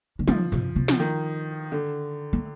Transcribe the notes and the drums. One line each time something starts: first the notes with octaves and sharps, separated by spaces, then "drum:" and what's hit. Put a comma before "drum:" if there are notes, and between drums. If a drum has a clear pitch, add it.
D3
D#3 F3, drum: tom
C3, drum: tom
C3
F3, drum: snare
D#3
D3
A3